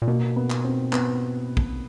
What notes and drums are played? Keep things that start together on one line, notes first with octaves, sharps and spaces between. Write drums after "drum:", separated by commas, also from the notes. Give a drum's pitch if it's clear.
A#2
B2 A#3
B3
drum: clap
C4
B3, drum: clap
drum: kick